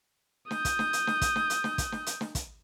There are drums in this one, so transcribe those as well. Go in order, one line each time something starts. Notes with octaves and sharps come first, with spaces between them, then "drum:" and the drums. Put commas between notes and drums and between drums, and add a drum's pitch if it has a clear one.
D#6 G6, drum: snare
drum: kick, hi-hat
drum: snare
drum: hi-hat
drum: snare
drum: kick, hi-hat
drum: snare
drum: hi-hat
drum: snare
drum: kick, hi-hat
drum: snare
drum: hi-hat
drum: snare
drum: kick, hi-hat